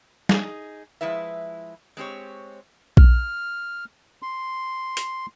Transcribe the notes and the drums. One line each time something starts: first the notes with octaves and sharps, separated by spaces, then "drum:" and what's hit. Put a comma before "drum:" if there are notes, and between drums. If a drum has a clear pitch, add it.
D#4 G#4, drum: snare
F3 G#3 E4 B4 E5
G#3 C4 G4 C#5
F6, drum: kick A#1
C6
drum: hi-hat